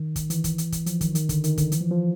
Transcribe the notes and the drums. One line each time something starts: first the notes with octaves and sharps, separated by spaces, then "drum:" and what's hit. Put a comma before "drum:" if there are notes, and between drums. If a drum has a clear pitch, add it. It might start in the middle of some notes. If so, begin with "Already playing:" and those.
Already playing: D#3
drum: kick, hi-hat
E3, drum: hi-hat
drum: kick, hi-hat
drum: hi-hat
drum: kick, hi-hat
F3, drum: hi-hat
D#3, drum: kick, hi-hat
D#3, drum: hi-hat
D3, drum: kick, hi-hat
D#3, drum: hi-hat
D3, drum: kick, hi-hat
E3, drum: hi-hat
F3
F3